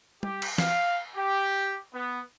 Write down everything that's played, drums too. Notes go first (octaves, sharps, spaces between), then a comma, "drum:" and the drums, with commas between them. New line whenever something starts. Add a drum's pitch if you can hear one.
G4, drum: tom
drum: cymbal
F5, drum: snare
G4
B3